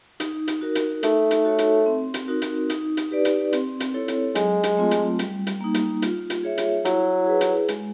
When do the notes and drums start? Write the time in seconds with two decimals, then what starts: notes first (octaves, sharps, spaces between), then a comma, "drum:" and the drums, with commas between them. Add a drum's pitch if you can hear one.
0.20 D#4, drum: hi-hat
0.48 drum: hi-hat
0.61 F#4 A#4
0.75 drum: hi-hat
1.03 A3 D#4, drum: hi-hat
1.31 drum: hi-hat
1.45 F#4 A4 C#5
1.58 drum: hi-hat
1.86 C4
2.14 drum: hi-hat
2.28 D#4 F#4 A#4
2.42 drum: hi-hat
2.70 D#4, drum: hi-hat
2.97 drum: hi-hat
3.11 G4 B4 D5
3.25 drum: hi-hat
3.53 C4, drum: hi-hat
3.80 drum: hi-hat
3.94 E4 A4 C#5
4.08 drum: hi-hat
4.35 F#3 G#3, drum: hi-hat
4.63 drum: hi-hat
4.77 A3 C4 F4
4.91 drum: hi-hat
5.19 G3, drum: hi-hat
5.47 drum: hi-hat
5.61 A#3 D#4
5.74 drum: hi-hat
6.02 F4, drum: hi-hat
6.30 drum: hi-hat
6.43 G#4 C#5 E5
6.58 drum: hi-hat
6.85 F#3 E4, drum: hi-hat
7.27 G#4 B4
7.41 drum: hi-hat
7.68 G#3, drum: hi-hat